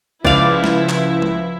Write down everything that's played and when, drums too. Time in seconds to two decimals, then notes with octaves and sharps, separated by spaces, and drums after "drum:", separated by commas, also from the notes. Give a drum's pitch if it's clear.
0.25 C#2 F3 E4 D5 F5 F7, drum: kick
0.64 drum: snare
0.89 drum: clap
1.22 drum: tom G#3